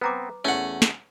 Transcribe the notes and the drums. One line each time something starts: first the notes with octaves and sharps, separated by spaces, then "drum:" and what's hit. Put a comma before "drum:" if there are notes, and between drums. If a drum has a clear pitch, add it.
B3 C4 B4 A#5 D6
E2 A3 C#4 F#5
drum: snare